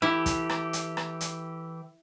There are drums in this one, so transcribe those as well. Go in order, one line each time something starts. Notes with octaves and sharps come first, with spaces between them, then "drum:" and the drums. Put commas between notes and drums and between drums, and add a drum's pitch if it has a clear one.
E3 E4 G4 A4
drum: kick, hi-hat
drum: rim click
drum: hi-hat
drum: rim click
drum: hi-hat